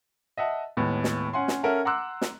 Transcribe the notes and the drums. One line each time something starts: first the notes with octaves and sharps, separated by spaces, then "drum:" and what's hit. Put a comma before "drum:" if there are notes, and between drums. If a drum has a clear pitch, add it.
D#5 E5 F#5 A5
D#2 A2 G#3 B3
drum: snare
C#4 F#5 G#5 C6
drum: snare
C#4 A4 A#4 E5 F#5
F#5 A#5 C6 D6 E6 F#6
drum: snare